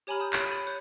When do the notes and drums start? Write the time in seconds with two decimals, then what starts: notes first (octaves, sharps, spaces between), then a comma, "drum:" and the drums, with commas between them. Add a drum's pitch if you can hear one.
0.07 G4 C#5 G#5 A#5 B5 F6
0.20 A5 A#5 D#6 G6
0.33 C#5 B5, drum: clap
0.47 B5 A6 B6 D#7
0.66 C#5 C#6 F#6 G6 C#7